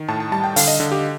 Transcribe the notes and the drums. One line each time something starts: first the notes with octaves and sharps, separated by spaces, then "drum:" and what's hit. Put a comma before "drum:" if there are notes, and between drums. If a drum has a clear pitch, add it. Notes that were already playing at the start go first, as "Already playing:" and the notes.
Already playing: D#3
A2 A5
A5
G3 A5
G5
D3 F5, drum: open hi-hat
D#5
D3
G4